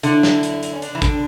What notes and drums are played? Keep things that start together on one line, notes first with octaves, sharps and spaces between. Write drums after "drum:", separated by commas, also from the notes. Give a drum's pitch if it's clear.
D3 E4, drum: hi-hat
drum: snare
drum: hi-hat
drum: hi-hat
C#4
D4, drum: hi-hat
E3
D3, drum: kick, hi-hat